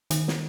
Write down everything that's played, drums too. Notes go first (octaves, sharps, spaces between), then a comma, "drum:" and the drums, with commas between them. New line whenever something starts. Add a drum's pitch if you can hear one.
D#3, drum: hi-hat
drum: snare